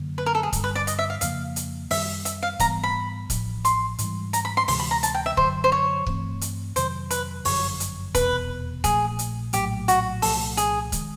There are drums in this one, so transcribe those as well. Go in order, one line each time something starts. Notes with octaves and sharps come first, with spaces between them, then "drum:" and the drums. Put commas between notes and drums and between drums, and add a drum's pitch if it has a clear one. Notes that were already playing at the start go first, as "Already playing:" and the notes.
Already playing: F#2 D3 F#3 A#3
B4
A#4
A4
G#4
G2 D3 G3, drum: kick C#1, hi-hat
B4
D5
D#5, drum: hi-hat
E5
F5
F2 C#3 F3 A#3 F5, drum: hi-hat
drum: hi-hat
F#2 D#3 G3 E5, drum: open hi-hat
E5, drum: hi-hat
F5
G#2 E3 G3 B3 A#5, drum: kick C#1, hi-hat
B5
A1 A2 F3, drum: kick C#1, hi-hat
C6, drum: hi-hat
G#2 E3 G3, drum: hi-hat
A#5, drum: hi-hat
B5
C6
D2 C3 E3 G#3 C6, drum: open hi-hat
B5
A#5
A5, drum: hi-hat
G5
E5
F#2 D3 F#3 C5, drum: kick C#1
C5
C#5
G2 E3 A3 C4, drum: kick C#1
drum: hi-hat
F2 C3 D#3 F#3 C5, drum: hi-hat
B4, drum: hi-hat
G1 F#2 D3 F3 C#5, drum: open hi-hat
drum: hi-hat
F1 E2 B2 B4, drum: kick C#1, hi-hat
A#1 A#2 F3 A3 G#4, drum: kick C#1, hi-hat
drum: hi-hat
A#1 A2 F#3 A3 G4, drum: hi-hat
F#4, drum: hi-hat
C2 A#2 F3 A3 A4, drum: open hi-hat
G#4, drum: hi-hat
D#3 G#3, drum: kick C#1, hi-hat